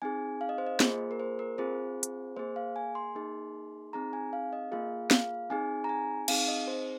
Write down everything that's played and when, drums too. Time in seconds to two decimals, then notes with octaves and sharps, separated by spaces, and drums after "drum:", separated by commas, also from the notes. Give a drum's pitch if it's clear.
0.02 C4 D#4 G#4 G#5
0.41 F5
0.49 D#5
0.58 C5
0.67 D#5
0.80 A#3 F4 G#4 C5, drum: snare
1.11 A#4
1.20 C5
1.39 A#4
1.58 C4 F4 G#4 C5
2.03 drum: hi-hat
2.37 A#3 G#4 C5
2.56 F5
2.76 G#5
2.95 C6
3.15 A#3 D#4 G#4
3.93 C4 D#4 G#4 A#5
4.13 G#5
4.33 F5
4.53 D#5
4.72 A#3 F4 G#4 F5
5.11 F5, drum: snare
5.50 C4 D#4 G#4 G#5
5.84 A#5
5.89 G#5
6.28 C4 D#4 G#4 F5, drum: cymbal
6.48 D#5
6.68 C5